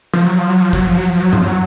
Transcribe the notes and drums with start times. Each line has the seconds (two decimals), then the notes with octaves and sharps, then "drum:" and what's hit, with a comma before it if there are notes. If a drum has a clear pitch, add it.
0.14 F3, drum: hi-hat
0.26 F#3
0.38 F3
0.49 F#3
0.62 F3
0.73 F#3, drum: kick
0.85 F3
0.97 F#3
1.09 F3
1.21 F#3
1.33 F3, drum: tom G2
1.46 F#3